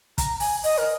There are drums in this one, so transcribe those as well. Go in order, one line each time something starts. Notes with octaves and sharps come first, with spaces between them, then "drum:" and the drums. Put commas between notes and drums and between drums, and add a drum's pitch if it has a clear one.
A#5, drum: kick, hi-hat
G#5, drum: open hi-hat
D#5, drum: open hi-hat
A#4